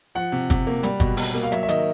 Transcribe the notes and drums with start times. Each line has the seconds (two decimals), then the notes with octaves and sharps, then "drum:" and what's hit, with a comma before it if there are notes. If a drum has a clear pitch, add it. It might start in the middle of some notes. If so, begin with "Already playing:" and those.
0.15 F3 F#5
0.32 C3
0.50 C3, drum: kick, hi-hat
0.67 A#3
0.83 G3, drum: hi-hat
1.00 B2, drum: kick, hi-hat
1.17 B2, drum: open hi-hat
1.35 A#3
1.43 F5
1.52 F#3 E5, drum: hi-hat
1.63 E5
1.69 D#3 D#5, drum: hi-hat